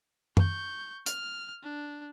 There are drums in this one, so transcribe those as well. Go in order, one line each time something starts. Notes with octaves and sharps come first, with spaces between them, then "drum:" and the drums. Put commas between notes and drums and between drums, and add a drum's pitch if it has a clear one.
C#6 G6, drum: tom F#2
F6, drum: hi-hat
D4